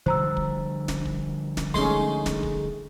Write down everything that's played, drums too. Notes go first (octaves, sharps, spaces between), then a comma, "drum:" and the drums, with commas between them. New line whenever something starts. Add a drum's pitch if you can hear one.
D3 F3 G3 C5 A#5 E6
drum: kick
drum: snare
drum: kick
drum: snare
G#3 A3 C#4 D#4 C6, drum: kick
drum: snare
drum: kick